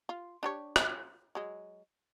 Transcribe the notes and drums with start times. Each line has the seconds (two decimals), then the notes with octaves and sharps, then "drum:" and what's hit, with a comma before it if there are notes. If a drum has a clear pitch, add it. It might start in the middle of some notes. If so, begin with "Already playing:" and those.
0.09 F4
0.43 D4 G4 C#5
0.76 F4, drum: rim click
1.35 F#3 G#3